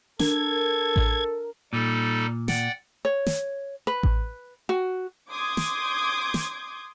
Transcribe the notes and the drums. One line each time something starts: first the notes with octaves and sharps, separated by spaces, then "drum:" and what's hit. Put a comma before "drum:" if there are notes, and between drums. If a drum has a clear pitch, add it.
D4 A4 A#4 G#6, drum: snare
drum: kick A1
A#2 G3 D#4 A4
D5 F#5 G5, drum: snare
C#5
drum: snare
B4
drum: kick A1
F#4
C6 D6 D#6 G6 G#6
drum: snare
drum: snare